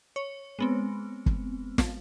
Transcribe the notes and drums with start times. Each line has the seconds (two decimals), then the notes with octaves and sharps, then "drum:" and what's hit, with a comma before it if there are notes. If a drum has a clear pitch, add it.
0.16 C#5
0.59 G#3 B3 C4
1.26 drum: kick
1.78 drum: snare